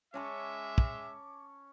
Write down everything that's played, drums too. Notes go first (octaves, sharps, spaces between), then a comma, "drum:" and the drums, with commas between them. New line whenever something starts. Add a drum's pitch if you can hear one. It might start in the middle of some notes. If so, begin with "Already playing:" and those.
G#3 C#4 E5 A5 C#6 D6
drum: kick